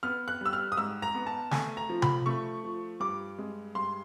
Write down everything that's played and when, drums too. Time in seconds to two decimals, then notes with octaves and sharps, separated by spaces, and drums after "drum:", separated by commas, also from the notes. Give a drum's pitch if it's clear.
0.03 B3 F6
0.28 F#6
0.41 G3 E6
0.53 F6
0.72 D#6
0.77 G#2 E6
1.02 A#5
1.15 B3
1.27 A5
1.51 A3 G#5, drum: snare
1.77 A#5
1.89 F3
2.02 B5, drum: tom C3
2.26 A3 C#6
2.64 F3
3.00 G2 D6
3.39 G#3
3.75 G2 C6